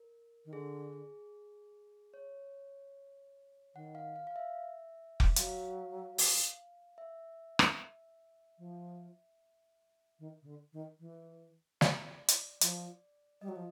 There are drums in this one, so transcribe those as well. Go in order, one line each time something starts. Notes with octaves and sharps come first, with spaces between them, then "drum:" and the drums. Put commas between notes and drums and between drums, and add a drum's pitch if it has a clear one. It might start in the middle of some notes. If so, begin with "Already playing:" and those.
Already playing: A#4
D#3
D3 G#4
C#5
D#3 F#5
F5
F5
F5
E5
drum: kick F1
F#3 F5, drum: hi-hat
drum: open hi-hat
E5
drum: rim click
F3
D#3
C#3
D3
D#3
E3
D5, drum: snare
drum: hi-hat
F3, drum: hi-hat
G3 D#5
F#3
F3